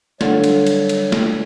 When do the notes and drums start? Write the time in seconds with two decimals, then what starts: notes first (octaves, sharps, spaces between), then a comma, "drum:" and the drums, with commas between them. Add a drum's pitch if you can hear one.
0.21 D3 F#3 G3 F4 C#5, drum: snare
0.44 drum: cymbal
0.67 drum: cymbal
0.89 drum: cymbal
1.12 drum: snare